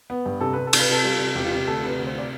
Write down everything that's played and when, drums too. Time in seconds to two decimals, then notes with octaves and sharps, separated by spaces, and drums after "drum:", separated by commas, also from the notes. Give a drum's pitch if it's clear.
0.10 B3
0.26 G2
0.41 C3 A4
0.53 C3 B4
0.67 A4
0.73 C3, drum: cymbal
0.79 B4
0.89 C3 A4
1.04 G3
1.19 C3
1.35 E1 G4
1.45 F4
1.51 C3 G4
1.67 D2 A4
1.84 C3 B4
1.98 D2
2.07 C5
2.15 C3 D5